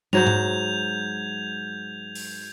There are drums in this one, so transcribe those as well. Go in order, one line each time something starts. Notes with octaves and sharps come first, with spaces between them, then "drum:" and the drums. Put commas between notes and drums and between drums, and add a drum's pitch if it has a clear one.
G#2 F#3 G6 G#6 F7, drum: tom
drum: tom G#2
drum: open hi-hat